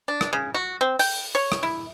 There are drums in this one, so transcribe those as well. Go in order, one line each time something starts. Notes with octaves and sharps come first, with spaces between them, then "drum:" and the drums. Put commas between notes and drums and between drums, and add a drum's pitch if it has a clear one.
D4
drum: rim click
C#3
F#4
C4
G5, drum: open hi-hat
C#5
drum: rim click
E4